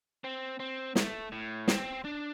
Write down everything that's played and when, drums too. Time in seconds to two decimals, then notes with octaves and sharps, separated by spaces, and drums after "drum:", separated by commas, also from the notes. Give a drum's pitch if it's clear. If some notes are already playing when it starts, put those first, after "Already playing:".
0.24 C4
0.60 C4
0.96 A3, drum: snare
1.32 A2
1.68 C4, drum: snare
2.05 D4